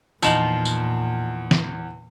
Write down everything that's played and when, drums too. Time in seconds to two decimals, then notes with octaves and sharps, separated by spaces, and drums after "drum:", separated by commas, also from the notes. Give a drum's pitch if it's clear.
0.22 E2 A#2 F3 D#4 F4 E7 F#7, drum: tambourine
0.65 drum: tambourine
1.51 drum: snare